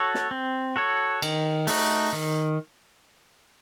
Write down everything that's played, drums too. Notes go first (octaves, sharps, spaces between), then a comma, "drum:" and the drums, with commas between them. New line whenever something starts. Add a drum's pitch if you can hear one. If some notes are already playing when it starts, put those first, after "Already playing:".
Already playing: F#4 A4 C#5
drum: snare
C4
F#4 A4 C#5
D#3, drum: cymbal
A3 D#4 F#4, drum: open hi-hat
D#3